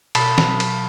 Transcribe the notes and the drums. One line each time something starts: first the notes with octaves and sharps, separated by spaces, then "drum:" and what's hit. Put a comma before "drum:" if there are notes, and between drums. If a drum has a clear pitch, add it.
B2 A5 B5, drum: cymbal
drum: snare
F#3
drum: cymbal